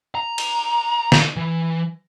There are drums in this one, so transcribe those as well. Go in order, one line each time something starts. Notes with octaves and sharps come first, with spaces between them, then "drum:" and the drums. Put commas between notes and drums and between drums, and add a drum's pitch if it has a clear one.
A#5
drum: cymbal
drum: snare
E3